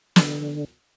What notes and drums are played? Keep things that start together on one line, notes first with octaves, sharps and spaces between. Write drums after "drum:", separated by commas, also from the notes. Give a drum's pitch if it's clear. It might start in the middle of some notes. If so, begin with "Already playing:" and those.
D3, drum: snare